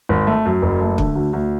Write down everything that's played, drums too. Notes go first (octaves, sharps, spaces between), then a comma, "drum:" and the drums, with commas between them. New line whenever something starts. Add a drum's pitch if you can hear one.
G#1
A3
F#2
F#1
A3
D3, drum: kick
D2
D2